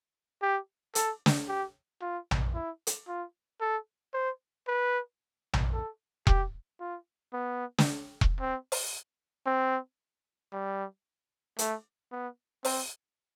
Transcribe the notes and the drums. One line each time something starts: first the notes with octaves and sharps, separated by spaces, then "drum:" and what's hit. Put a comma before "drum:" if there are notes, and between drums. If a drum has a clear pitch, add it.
G4
A4, drum: hi-hat
drum: snare
G4
F4
drum: tom A#1
E4
drum: hi-hat
F4
A4
C5
B4
drum: tom A#1
A4
G4, drum: kick E1
F4
B3
drum: snare
drum: kick E1
C4
drum: open hi-hat
C4
G3
A3, drum: hi-hat
B3
C4, drum: open hi-hat